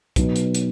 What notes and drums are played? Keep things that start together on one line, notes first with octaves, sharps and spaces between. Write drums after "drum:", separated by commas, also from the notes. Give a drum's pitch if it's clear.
B2 F#3 B3 D#4, drum: kick C2, hi-hat
drum: hi-hat
drum: hi-hat